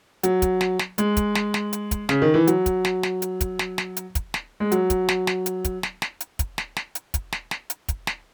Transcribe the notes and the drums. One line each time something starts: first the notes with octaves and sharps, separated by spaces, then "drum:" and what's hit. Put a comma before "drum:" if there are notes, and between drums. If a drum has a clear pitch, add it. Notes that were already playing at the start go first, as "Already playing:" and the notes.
F#3, drum: hi-hat
drum: kick, hi-hat
drum: snare
drum: snare
G#3, drum: hi-hat
drum: kick, hi-hat
drum: snare
drum: snare
drum: hi-hat
drum: kick, hi-hat
C#3, drum: snare
D#3
E3
F#3, drum: hi-hat
drum: kick, hi-hat
drum: snare
drum: snare
drum: hi-hat
drum: kick, hi-hat
drum: snare
drum: snare
drum: hi-hat
drum: kick, hi-hat
drum: snare
G#3
F#3, drum: hi-hat
drum: kick, hi-hat
drum: snare
drum: snare
drum: hi-hat
drum: kick, hi-hat
drum: snare
drum: snare
drum: hi-hat
drum: kick, hi-hat
drum: snare
drum: snare
drum: hi-hat
drum: kick, hi-hat
drum: snare
drum: snare
drum: hi-hat
drum: kick, hi-hat
drum: snare